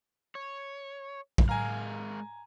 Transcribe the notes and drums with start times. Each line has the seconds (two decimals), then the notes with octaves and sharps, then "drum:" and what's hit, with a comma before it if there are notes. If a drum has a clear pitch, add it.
0.35 C#5
1.38 drum: kick
1.49 G#3 A#4 F5 G#5 A#5